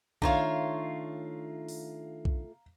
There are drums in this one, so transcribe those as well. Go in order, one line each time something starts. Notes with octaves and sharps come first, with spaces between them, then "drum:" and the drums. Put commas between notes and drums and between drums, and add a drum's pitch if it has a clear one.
D#3 A3 D4 D#4 F4 C#5 F5 A#5, drum: kick B1
drum: open hi-hat
drum: kick B1